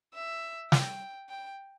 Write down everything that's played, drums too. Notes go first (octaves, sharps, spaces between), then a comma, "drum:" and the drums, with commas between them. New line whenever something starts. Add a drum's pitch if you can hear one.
E5
G5, drum: snare
G5